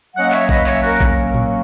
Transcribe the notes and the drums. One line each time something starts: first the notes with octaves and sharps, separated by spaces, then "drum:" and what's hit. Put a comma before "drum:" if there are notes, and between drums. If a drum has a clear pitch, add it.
F#3 A#3 C#4 D#5 F#5
C#5 E5, drum: clap
B4 D#5, drum: kick A1
C#5 E5, drum: clap
F#4 A#4
drum: kick A1
drum: tom A2